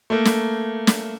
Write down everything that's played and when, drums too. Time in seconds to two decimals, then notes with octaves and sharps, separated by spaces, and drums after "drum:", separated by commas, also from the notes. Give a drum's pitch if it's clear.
0.10 A3 A#3
0.25 drum: snare
0.87 drum: snare